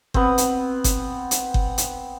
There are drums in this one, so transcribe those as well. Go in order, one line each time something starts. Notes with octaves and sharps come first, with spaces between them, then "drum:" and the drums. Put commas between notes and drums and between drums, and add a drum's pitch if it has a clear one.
B3 C4, drum: kick G1
drum: hi-hat
drum: kick G1, hi-hat
drum: hi-hat
drum: kick G1
drum: hi-hat